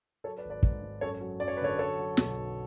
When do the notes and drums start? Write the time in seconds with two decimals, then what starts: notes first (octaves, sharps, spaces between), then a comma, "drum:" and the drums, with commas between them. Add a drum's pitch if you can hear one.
0.24 F#3 A4 C#5
0.37 B4 D5
0.45 G#1
0.50 B4 D5
0.63 G#2, drum: kick
0.82 G#2
1.01 F#2 A4 C#5
1.21 F#3
1.40 F#2 D5
1.48 C#5
1.57 B4
1.60 D3 A4 C#5
1.79 F#3 A4 C#5
1.99 F#3
2.17 B1, drum: snare
2.37 B1